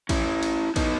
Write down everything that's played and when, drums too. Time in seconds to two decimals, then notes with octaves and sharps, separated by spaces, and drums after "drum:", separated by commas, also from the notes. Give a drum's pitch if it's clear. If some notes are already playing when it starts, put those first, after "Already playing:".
0.09 C#4 E4, drum: kick, cymbal
0.43 drum: cymbal
0.76 B3 D#4, drum: kick, cymbal